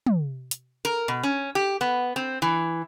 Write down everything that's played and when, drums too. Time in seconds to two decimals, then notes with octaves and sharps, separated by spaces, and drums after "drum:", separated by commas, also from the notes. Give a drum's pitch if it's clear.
0.06 drum: tom
0.51 drum: hi-hat
0.85 A#4
1.08 B2
1.23 C#4
1.55 G4
1.81 B3
2.16 C4
2.42 E3